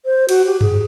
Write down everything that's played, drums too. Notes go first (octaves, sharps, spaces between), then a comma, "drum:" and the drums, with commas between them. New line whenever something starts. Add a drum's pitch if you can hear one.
C5
F#4, drum: cymbal
G4
G#4, drum: tom F#2